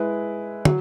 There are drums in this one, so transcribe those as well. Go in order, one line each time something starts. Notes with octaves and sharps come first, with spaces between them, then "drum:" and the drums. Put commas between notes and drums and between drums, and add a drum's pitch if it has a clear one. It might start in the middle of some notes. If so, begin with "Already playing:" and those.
Already playing: G#3 E4 B4
F#3, drum: tom